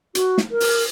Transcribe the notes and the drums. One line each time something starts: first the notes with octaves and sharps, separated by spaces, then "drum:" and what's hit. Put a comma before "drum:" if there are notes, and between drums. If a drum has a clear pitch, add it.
F#4, drum: hi-hat
drum: snare
A#4
drum: open hi-hat